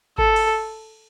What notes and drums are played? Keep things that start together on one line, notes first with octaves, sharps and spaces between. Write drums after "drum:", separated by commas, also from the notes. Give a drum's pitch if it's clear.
A4, drum: kick G#1
drum: cymbal